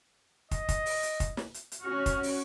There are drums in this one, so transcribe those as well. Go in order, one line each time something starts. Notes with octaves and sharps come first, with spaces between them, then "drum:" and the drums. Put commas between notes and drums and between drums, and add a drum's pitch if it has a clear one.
D#5, drum: kick, hi-hat
drum: kick, hi-hat
drum: open hi-hat
drum: hi-hat
drum: kick, hi-hat
drum: snare
drum: hi-hat
drum: hi-hat
C#4 F#4 F6
drum: kick, hi-hat
drum: open hi-hat